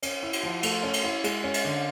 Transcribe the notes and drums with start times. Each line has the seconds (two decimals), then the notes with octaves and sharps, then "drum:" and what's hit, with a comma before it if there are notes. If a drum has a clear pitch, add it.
0.03 C#4, drum: cymbal
0.23 E4
0.33 drum: cymbal
0.43 F3
0.63 A3, drum: cymbal
0.83 C#4
0.93 drum: cymbal
1.04 E4
1.24 G#3, drum: cymbal
1.44 C#4
1.54 drum: cymbal
1.65 D3